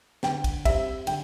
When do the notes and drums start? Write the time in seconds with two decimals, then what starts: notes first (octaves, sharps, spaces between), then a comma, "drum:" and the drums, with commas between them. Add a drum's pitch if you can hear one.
0.23 D3 G5, drum: snare
0.44 drum: kick, cymbal
0.65 G3 C4 E5, drum: kick, cymbal
1.07 D3 G5, drum: cymbal